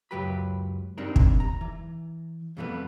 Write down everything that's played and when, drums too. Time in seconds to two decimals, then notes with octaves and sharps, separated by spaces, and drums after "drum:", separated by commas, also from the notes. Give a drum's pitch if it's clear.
0.11 C#2 F#2 F#3 G4 B4 B5
0.98 G2 G3 C4 D4 D#4 A#4
1.16 drum: kick
1.40 A#5
1.61 E3
2.57 F2 C3 E3 G3 A3 B3